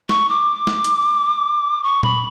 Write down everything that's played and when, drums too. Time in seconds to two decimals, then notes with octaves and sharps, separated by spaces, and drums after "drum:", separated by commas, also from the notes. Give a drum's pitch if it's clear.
0.09 C#6, drum: snare
0.29 D6
0.67 drum: snare
0.84 drum: hi-hat
1.83 C#6
2.03 B5, drum: tom A#2